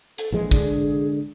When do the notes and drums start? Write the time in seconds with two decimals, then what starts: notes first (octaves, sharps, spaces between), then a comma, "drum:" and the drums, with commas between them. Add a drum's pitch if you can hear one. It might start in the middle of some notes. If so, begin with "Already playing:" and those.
0.18 A4, drum: hi-hat
0.32 A#1 E3 G#3 G#4
0.51 D3 G#3 D4, drum: kick